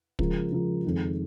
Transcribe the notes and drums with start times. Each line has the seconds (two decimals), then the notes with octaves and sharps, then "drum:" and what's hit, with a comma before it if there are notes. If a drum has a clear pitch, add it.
0.19 C#3 F3 G#3 F4 A#4, drum: kick
0.52 C#3 F3 G#3 F4 A#4
0.84 F2 D#3 G#3